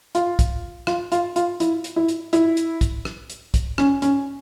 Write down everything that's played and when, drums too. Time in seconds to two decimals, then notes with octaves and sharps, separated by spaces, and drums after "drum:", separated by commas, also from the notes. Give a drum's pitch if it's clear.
0.15 F4, drum: hi-hat
0.39 drum: kick, hi-hat
0.87 F4, drum: rim click
1.12 F4, drum: hi-hat
1.36 F4, drum: hi-hat
1.60 E4, drum: hi-hat
1.84 drum: hi-hat
1.96 E4
2.08 drum: hi-hat
2.33 E4, drum: hi-hat
2.57 drum: hi-hat
2.81 drum: kick, hi-hat
3.05 drum: rim click
3.30 drum: hi-hat
3.54 drum: kick, hi-hat
3.78 C#4, drum: rim click
4.02 C#4, drum: hi-hat